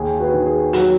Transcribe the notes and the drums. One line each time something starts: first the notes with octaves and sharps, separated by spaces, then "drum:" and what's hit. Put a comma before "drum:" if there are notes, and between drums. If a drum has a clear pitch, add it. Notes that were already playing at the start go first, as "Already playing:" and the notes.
Already playing: D#2 G#4
F#4 B4
D#3
G#4
F#3 F#4, drum: hi-hat